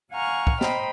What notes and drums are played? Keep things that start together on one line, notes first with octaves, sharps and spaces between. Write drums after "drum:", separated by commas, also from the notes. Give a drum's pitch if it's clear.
F5 F#5 G#5 A#5 C#6 F6
drum: kick
C5 D#5 G5 A#5 B5, drum: snare B3